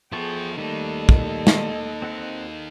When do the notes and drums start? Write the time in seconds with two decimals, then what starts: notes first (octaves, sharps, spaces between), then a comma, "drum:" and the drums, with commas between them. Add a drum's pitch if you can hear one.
0.12 F3 B3 E4 G#4 A4 G5 C#6
0.58 D#3 G3 A3 A#3 D#4 A4 D#5
1.09 drum: kick
1.47 drum: snare
2.02 C4 F#4 F#5